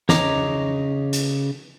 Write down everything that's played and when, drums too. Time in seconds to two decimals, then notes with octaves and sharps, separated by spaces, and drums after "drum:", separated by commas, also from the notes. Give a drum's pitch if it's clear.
0.09 C#3 C#5 D#5 A#5 D6, drum: snare
1.13 drum: hi-hat